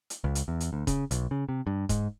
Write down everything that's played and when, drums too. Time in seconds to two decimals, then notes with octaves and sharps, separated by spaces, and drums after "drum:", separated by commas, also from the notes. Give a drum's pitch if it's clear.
0.10 drum: hi-hat
0.24 C#2
0.35 drum: hi-hat
0.48 E2
0.60 drum: hi-hat
0.73 D2
0.87 C#3, drum: kick D#1, hi-hat
1.11 B1, drum: hi-hat
1.31 C#3
1.49 C3
1.67 G2
1.89 G#2, drum: kick D#1, hi-hat